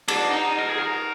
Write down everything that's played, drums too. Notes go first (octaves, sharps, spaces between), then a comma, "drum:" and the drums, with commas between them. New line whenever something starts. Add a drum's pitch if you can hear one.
D4, drum: cymbal
D#4
A#4
G#4
A#4